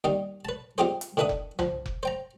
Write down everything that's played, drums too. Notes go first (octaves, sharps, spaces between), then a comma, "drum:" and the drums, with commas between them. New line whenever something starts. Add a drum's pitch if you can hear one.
D#2 G3 D#4
B4 A5
G#3 C4 F4 G4 G#4 C5
drum: hi-hat
A2 D#3 D4 B4 E5 D#6
drum: kick F1
F3, drum: tom C2
drum: kick F1
C5 G5 A#5